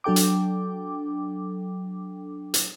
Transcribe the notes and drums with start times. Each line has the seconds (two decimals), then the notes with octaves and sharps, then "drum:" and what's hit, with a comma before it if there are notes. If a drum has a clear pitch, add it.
0.04 F#3 D4 A4 G5 D6
0.16 drum: hi-hat
2.54 drum: hi-hat